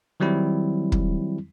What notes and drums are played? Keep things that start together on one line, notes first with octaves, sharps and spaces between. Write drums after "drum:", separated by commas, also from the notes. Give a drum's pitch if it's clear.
D#3 F#3 G3 C4 E4
drum: kick